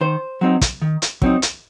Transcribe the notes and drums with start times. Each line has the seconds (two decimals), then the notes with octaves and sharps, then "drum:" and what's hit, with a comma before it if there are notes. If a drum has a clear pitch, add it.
0.01 D#3 C5
0.41 F#3 C4 D#4
0.61 drum: kick, hi-hat
0.82 D#3
1.02 drum: hi-hat
1.22 F#3 C4 D#4, drum: kick
1.42 drum: hi-hat